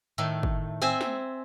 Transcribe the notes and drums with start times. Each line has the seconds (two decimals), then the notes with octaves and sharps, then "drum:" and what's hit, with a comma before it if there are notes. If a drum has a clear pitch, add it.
0.18 A2 D#3 A3
0.43 drum: kick
0.82 C4 C5 E5 G#5
1.01 drum: snare